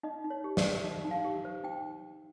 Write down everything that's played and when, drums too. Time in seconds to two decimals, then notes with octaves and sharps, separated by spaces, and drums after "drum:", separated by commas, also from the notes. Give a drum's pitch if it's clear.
0.03 D#4 D#5
0.24 D#4
0.30 C#5
0.44 G4
0.57 D5, drum: snare
0.64 C5
0.84 D#4 D#5
1.05 D#4
1.11 F5
1.24 G4
1.45 C5
1.64 D#4 G5